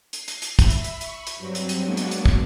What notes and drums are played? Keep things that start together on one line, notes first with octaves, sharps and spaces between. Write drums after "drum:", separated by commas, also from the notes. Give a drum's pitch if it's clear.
C7, drum: hi-hat
drum: hi-hat
drum: hi-hat
E5 B5, drum: kick, hi-hat
drum: hi-hat
drum: hi-hat
B5 C#6, drum: hi-hat
drum: hi-hat
G2 F#3 C4
drum: hi-hat
drum: hi-hat
F#3 G#3 A#3 B3 D4 F#4
drum: hi-hat
drum: hi-hat
drum: kick